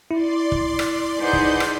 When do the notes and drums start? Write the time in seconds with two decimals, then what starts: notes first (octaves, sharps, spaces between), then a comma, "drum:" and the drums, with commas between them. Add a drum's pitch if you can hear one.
0.11 E4 D5 C6
0.52 drum: kick
0.79 drum: rim click
1.20 D#4 G#4 B4 C5 F#5 G6
1.33 drum: kick
1.60 drum: rim click